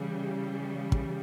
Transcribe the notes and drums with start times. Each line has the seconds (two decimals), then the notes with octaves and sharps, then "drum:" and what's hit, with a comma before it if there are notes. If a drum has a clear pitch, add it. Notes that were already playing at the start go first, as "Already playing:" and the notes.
Already playing: C#3 E3 G3
0.92 drum: kick